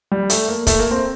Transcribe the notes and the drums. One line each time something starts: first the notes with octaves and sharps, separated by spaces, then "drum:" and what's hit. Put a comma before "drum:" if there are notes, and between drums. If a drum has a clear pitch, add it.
G3
A3, drum: hi-hat
A#3
A3, drum: kick, hi-hat
A#3
C4